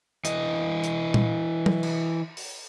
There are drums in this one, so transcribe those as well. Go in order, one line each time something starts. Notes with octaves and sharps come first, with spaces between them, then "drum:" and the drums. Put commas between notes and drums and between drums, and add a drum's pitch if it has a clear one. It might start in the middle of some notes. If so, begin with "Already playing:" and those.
E3 D#5, drum: hi-hat
drum: hi-hat
drum: tom A#2
drum: tom
drum: cymbal
drum: open hi-hat